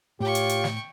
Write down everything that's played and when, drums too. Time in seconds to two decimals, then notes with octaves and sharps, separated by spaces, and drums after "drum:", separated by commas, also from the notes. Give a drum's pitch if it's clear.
0.20 A2 F4 G4 C#5 G5 C#6
0.35 drum: hi-hat
0.49 drum: hi-hat
0.64 drum: snare